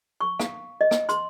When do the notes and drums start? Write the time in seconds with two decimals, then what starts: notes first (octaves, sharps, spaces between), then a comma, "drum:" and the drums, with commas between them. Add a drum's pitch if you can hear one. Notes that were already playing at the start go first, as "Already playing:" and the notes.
0.21 C#6
0.40 F5, drum: rim click
0.81 D#5
0.91 drum: rim click
1.09 C6, drum: hi-hat